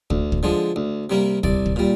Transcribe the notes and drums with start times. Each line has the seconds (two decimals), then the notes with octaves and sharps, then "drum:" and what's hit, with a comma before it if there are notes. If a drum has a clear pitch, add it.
0.10 D2, drum: kick
0.32 drum: kick
0.43 D3 F3 G#3
0.76 D2
1.10 C3 G3 A#3
1.43 C2 D5, drum: kick
1.66 drum: kick
1.76 A#2 G3